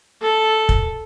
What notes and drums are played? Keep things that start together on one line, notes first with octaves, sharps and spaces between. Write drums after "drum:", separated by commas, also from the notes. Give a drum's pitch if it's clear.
A4
drum: kick